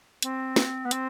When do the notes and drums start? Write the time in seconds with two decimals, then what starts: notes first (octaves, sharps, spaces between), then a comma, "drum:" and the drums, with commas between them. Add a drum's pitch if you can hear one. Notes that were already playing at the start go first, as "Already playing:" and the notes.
0.22 C4, drum: hi-hat
0.56 drum: snare
0.84 B3
0.91 C4, drum: hi-hat